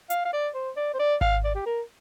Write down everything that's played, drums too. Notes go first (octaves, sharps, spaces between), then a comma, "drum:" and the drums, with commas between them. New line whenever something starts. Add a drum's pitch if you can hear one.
F5, drum: hi-hat
F5
D5
C5
D5
C5
D5
F5, drum: kick G#1
D5
G4
A#4